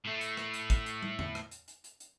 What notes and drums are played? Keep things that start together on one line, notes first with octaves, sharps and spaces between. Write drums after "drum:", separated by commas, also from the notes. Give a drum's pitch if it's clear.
A2 A3
drum: hi-hat
drum: rim click
drum: hi-hat
drum: kick, hi-hat
drum: hi-hat
drum: tom
drum: tom E2
drum: rim click
drum: hi-hat
drum: hi-hat
drum: hi-hat
drum: hi-hat